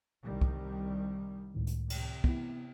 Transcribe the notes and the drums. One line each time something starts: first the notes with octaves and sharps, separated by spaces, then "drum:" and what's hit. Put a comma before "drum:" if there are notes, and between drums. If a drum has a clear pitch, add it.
C2 D#3 G3
drum: kick
C#2 A2 D#3
drum: hi-hat
C3, drum: cymbal
B3 E4, drum: kick